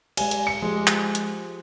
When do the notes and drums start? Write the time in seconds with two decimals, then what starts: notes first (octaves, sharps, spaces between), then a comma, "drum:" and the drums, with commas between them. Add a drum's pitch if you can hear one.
0.17 G#3 G4 G#5, drum: cymbal
0.31 drum: hi-hat
0.47 C#7
0.62 F3 G#3 G4 G#4
0.87 drum: clap
1.15 drum: hi-hat